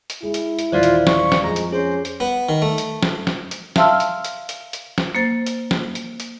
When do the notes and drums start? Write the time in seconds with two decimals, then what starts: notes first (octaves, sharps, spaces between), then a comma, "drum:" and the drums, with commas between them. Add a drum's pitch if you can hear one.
0.10 drum: hi-hat
0.23 G#3 E4 G#4
0.34 drum: hi-hat
0.59 drum: hi-hat
0.72 D#1 E3 F4 C5 D5 F5
0.83 drum: hi-hat
1.07 C#6, drum: snare
1.32 drum: snare
1.43 F2 G#3 A#5
1.56 drum: hi-hat
1.72 C#4 G#4 C5
2.05 drum: hi-hat
2.20 B3
2.49 D#3
2.62 A3
2.78 drum: hi-hat
3.02 drum: snare
3.27 drum: snare
3.51 drum: hi-hat
3.76 E5 F5 A5 C6 E6 F6, drum: snare
4.00 drum: hi-hat
4.24 drum: hi-hat
4.49 drum: hi-hat
4.73 drum: hi-hat
4.98 drum: snare
5.15 A#3 C5 A6
5.46 drum: hi-hat
5.71 drum: snare
5.95 drum: hi-hat
6.20 drum: hi-hat